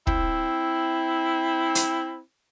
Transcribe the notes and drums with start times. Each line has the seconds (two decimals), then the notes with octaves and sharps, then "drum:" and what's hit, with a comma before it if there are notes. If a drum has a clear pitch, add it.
0.07 C4 E4, drum: kick
1.75 drum: hi-hat